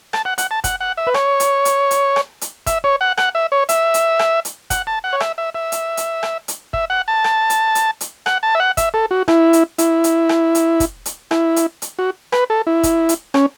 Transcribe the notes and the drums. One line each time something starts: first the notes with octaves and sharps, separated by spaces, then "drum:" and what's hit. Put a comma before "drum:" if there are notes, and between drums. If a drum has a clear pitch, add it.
A5, drum: rim click
F#5
F#5, drum: hi-hat
A5
F#5, drum: kick, hi-hat
F#5
E5
B4
C#5, drum: rim click
drum: hi-hat
drum: hi-hat
drum: hi-hat
drum: rim click
drum: hi-hat
E5, drum: kick, hi-hat
C#5
F#5
F#5, drum: rim click
E5
C#5
E5, drum: hi-hat
drum: hi-hat
drum: rim click
drum: hi-hat
F#5, drum: kick, hi-hat
A5
F#5
C#5
E5, drum: rim click
E5
E5
drum: hi-hat
drum: hi-hat
drum: rim click
drum: hi-hat
E5, drum: kick
F#5
A5
drum: rim click
drum: hi-hat
drum: hi-hat
drum: hi-hat
F#5, drum: rim click
A5
E5
F#5
E5, drum: kick, hi-hat
A4
F#4
E4, drum: rim click
drum: hi-hat
E4, drum: hi-hat
drum: hi-hat
drum: rim click
drum: hi-hat
drum: kick, hi-hat
drum: hi-hat
E4, drum: rim click
drum: hi-hat
drum: hi-hat
F#4
B4, drum: rim click
A4
E4
drum: kick, hi-hat
drum: hi-hat
C#4, drum: rim click